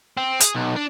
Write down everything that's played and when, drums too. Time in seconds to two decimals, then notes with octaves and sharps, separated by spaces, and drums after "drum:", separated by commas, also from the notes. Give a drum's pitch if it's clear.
0.17 C4
0.41 G#4, drum: hi-hat
0.55 B1
0.76 D4